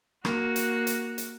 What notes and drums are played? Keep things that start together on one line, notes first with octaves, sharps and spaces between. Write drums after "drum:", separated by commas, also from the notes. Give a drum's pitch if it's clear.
A#3 F#4, drum: rim click
drum: hi-hat
drum: hi-hat
drum: hi-hat